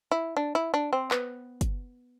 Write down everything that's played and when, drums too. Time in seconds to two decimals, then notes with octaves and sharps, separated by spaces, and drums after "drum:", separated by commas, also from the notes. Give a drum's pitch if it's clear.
0.11 E4
0.37 D4
0.55 E4
0.74 D4
0.93 C4
1.11 B3, drum: clap
1.61 drum: kick, hi-hat